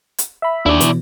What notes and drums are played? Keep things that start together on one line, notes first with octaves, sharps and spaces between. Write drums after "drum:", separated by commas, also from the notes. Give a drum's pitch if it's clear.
drum: hi-hat
E5 B5
D#2 D4 E4 D5
B2 E3, drum: hi-hat